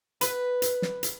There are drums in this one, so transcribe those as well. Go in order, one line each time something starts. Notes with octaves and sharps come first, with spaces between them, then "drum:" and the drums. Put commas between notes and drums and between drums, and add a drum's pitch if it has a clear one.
B4, drum: hi-hat
drum: hi-hat
drum: snare
drum: hi-hat